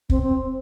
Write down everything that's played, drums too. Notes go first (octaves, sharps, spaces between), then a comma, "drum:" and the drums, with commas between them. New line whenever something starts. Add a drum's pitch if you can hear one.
C4, drum: kick
C4